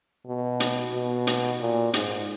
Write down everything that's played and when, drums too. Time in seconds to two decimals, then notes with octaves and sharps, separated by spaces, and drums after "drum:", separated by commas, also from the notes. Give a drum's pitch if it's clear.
0.27 B2
0.60 drum: hi-hat
0.93 B2
1.27 drum: hi-hat
1.60 A#2
1.93 G#2, drum: hi-hat